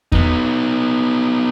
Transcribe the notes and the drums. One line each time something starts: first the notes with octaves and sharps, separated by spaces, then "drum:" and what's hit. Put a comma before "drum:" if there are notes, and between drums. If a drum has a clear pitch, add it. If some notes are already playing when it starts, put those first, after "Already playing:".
B3 D#4, drum: kick E2